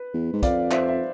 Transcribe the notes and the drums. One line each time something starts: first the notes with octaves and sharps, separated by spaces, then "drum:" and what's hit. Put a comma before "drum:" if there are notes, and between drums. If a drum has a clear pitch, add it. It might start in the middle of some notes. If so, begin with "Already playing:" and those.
Already playing: B4
E2
G#2
F2 D5 F5, drum: kick, hi-hat
C5 E5, drum: clap
E5